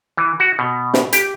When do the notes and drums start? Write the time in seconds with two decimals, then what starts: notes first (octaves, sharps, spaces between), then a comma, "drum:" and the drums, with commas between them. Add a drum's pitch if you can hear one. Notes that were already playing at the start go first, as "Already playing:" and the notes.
0.17 E3
0.40 F#4
0.59 B2
0.94 drum: snare
1.13 G4, drum: hi-hat